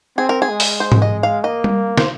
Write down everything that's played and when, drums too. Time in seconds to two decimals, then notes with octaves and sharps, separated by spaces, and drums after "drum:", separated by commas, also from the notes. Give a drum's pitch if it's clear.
0.17 C4 G#4
0.29 A#4
0.42 G#4
0.49 G#3
0.60 drum: open hi-hat
0.80 C5
0.92 drum: tom G#2
1.02 D#5
1.23 F5
1.44 A#3 D#5
1.64 drum: tom G3
1.98 C5, drum: snare